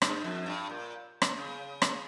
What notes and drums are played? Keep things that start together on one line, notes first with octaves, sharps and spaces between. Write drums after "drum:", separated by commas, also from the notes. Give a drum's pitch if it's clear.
G2, drum: rim click
F2
G2
A#2
drum: rim click
C#3
drum: rim click